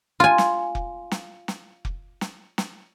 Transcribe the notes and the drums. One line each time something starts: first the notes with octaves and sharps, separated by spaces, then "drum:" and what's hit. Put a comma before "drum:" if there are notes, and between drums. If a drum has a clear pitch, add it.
F4 G#5
drum: snare
drum: kick F1
drum: snare
drum: snare
drum: kick F1
drum: snare
drum: snare